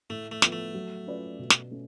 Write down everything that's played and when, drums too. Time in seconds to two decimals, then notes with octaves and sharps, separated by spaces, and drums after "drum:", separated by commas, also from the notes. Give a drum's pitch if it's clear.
0.09 A2 A3
0.31 A3
0.42 F3 B3, drum: snare
0.52 A3
0.74 F#3
1.07 C#4 F4 B4 D5
1.39 B2
1.50 drum: snare
1.71 A3 C#4